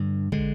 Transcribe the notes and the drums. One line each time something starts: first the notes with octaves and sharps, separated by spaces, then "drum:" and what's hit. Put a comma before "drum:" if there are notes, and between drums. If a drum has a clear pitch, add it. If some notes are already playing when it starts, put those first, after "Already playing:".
Already playing: G2 D3
D3 G#3, drum: kick